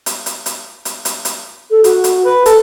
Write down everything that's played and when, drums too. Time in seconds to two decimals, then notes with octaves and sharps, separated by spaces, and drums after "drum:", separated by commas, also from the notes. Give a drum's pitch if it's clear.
0.06 drum: hi-hat
0.26 drum: hi-hat
0.46 drum: hi-hat
0.85 drum: hi-hat
1.05 drum: hi-hat
1.25 drum: hi-hat
1.71 A4
1.84 F#4, drum: hi-hat
2.04 drum: hi-hat
2.25 B4
2.46 A4 B4, drum: hi-hat